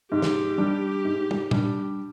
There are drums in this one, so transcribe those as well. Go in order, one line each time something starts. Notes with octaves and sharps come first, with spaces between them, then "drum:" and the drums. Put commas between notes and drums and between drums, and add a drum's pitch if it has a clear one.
G#2 G4
drum: snare
G3 D4
G#2
drum: tom
G3 D4, drum: tom